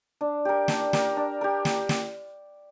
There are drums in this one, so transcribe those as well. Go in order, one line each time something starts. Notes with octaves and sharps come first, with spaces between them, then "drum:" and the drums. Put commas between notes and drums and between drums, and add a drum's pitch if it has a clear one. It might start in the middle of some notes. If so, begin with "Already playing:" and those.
D4
G4 A#4
D4, drum: snare
G4 A#4, drum: snare
D4
G4 A#4
drum: snare
drum: snare